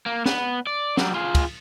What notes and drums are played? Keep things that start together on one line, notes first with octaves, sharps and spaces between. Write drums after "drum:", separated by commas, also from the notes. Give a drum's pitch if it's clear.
A#3
B3, drum: snare
D5
F#3 G3, drum: snare
F4 G#4
drum: kick, cymbal